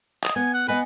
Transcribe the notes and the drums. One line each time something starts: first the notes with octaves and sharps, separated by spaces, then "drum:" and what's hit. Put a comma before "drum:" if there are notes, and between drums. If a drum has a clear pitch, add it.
D#5, drum: clap
B3 G#5
F#5
B3 B4 D#5 G#5